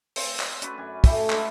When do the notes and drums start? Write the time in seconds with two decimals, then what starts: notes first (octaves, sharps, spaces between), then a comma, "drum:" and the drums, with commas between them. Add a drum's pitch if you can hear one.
0.16 C4, drum: open hi-hat
0.40 drum: clap
0.62 C#4 F#4 B4 D5, drum: hi-hat
0.78 F#2 G#5
1.04 A3 E4 G4 A4, drum: kick, open hi-hat
1.30 G#3 D4 G#4 A4, drum: clap